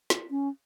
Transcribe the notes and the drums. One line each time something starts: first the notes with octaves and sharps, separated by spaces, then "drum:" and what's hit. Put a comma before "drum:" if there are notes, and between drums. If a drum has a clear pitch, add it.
drum: snare
C#4